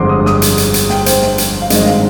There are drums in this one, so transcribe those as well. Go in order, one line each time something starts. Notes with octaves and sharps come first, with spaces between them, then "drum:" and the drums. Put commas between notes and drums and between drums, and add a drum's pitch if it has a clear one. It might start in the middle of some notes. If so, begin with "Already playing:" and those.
Already playing: G1 F2 D3 G#3 C4 C6 D6
D#6
D#6, drum: snare
drum: hi-hat
drum: hi-hat
drum: hi-hat
G5, drum: snare
C5, drum: hi-hat
drum: snare
drum: hi-hat
F5
G#1 G2 D#3 G#3 C4 D#5, drum: hi-hat
F5, drum: snare